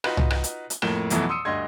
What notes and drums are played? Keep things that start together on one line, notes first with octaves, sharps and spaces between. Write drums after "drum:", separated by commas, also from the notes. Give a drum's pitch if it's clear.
D#4 F4 F#4 B4, drum: rim click
drum: tom C2
drum: rim click
drum: hi-hat
drum: hi-hat
F2 A2 A#3 E7 G7, drum: rim click
F2 B2 E3 F#3 A3, drum: hi-hat
C6 D#6 E6 C#7 D#7
D2 G2 D#5 C6 G#6